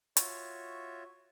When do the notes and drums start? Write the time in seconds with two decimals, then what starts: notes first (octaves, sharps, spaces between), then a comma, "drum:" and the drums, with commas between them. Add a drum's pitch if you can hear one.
0.17 F4 F#4 C#5 E5, drum: hi-hat